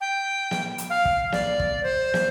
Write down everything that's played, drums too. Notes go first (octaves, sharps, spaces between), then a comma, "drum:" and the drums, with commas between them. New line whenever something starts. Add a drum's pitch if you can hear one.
G5
drum: snare
drum: hi-hat
F5
drum: kick
D5, drum: snare
drum: kick
C5
drum: snare